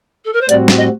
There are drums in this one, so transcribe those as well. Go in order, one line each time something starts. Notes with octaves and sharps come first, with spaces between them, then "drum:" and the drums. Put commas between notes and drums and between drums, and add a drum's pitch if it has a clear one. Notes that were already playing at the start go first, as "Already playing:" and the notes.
A4
A#4
C5
A2 G3 C4 F#4 D5, drum: hi-hat
drum: snare
D#5